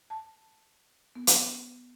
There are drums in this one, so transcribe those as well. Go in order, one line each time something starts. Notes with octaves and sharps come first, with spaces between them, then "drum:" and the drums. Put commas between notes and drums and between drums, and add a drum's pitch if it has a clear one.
A5
B3
drum: hi-hat